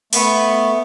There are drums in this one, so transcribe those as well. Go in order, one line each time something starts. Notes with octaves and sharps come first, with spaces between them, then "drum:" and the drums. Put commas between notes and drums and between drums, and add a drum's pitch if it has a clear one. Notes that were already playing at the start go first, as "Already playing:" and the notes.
A3 B3, drum: open hi-hat